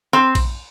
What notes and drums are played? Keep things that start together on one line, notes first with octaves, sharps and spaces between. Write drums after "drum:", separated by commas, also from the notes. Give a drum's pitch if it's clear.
C4
drum: kick A#1, cymbal